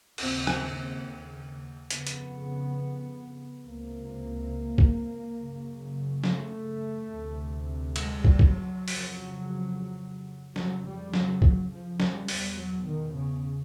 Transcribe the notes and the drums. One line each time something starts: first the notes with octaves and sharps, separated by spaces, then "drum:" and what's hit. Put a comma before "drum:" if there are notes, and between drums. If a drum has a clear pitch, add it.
D#2 C#3 C4, drum: cymbal
C4, drum: rim click
F2 C#3 B3, drum: hi-hat
drum: hi-hat
C#2 C3 A#3
drum: kick
F#2 C#3
A3, drum: snare
D2 C3
G#3, drum: cymbal
G3, drum: kick
drum: kick
F#3
F2
C#3, drum: open hi-hat
F2 C#3 F#3, drum: snare
G3
F#3, drum: snare
F#3, drum: kick
F3
G3, drum: snare
E2 B2 G3, drum: open hi-hat
F#3
D#3
C#3